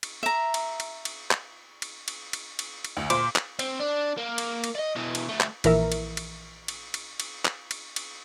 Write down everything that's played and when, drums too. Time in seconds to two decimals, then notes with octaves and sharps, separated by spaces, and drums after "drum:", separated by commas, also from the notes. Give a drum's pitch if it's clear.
0.03 drum: cymbal
0.23 E5 A#5
0.54 drum: cymbal
0.80 drum: cymbal
1.05 drum: cymbal
1.31 drum: clap
1.82 drum: cymbal
2.08 drum: cymbal
2.33 drum: cymbal
2.59 drum: cymbal
2.84 drum: cymbal
2.97 D2
3.10 A#2 C5 D6, drum: cymbal
3.36 drum: clap
3.59 C4, drum: cymbal
3.79 D4
4.17 A#3
4.38 drum: cymbal
4.64 drum: cymbal
4.75 D5 D#5
4.95 B2 E3
5.15 drum: cymbal
5.29 D2 A3
5.40 drum: clap
5.64 A#1 E3 A#4 E5, drum: cymbal
5.92 drum: cymbal
6.17 drum: cymbal
6.68 drum: cymbal
6.94 drum: cymbal
7.20 drum: cymbal
7.45 drum: clap
7.71 drum: cymbal
7.96 drum: cymbal